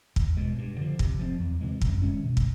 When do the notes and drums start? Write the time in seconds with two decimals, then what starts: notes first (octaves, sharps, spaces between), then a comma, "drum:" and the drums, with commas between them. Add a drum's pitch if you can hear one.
0.16 E2, drum: kick
0.37 B2 G#3
0.58 G2
0.78 D3 F3
0.99 C3, drum: kick
1.19 F3 G#3 C4
1.40 E2
1.61 C3 E3 G#3
1.81 F#2, drum: kick
2.02 D#3 G#3 C#4
2.23 B2
2.37 drum: kick